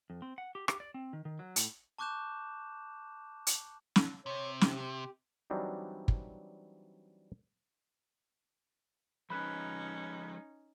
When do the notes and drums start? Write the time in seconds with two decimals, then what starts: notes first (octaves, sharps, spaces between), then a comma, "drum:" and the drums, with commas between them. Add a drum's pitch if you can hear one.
0.10 F2
0.22 C4
0.38 F#5
0.55 G4
0.68 G4, drum: rim click
0.80 D5
0.94 C4
1.13 D#3
1.25 D#3
1.39 F#3
1.56 A2, drum: hi-hat
1.98 A5 C#6 D6 F#6 G6 E7
3.47 drum: hi-hat
3.96 drum: snare
4.26 C3 C#5
4.61 G4, drum: snare
5.50 E3 F#3 G3 C4 D4 D#4
6.08 drum: kick
9.30 F3 G#3 C#4 D#4 B4 B5 F#6